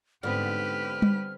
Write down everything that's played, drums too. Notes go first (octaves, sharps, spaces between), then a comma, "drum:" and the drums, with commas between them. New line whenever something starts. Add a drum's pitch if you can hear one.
G#2 D3 B3 C4 G4 B4 F6
drum: tom G3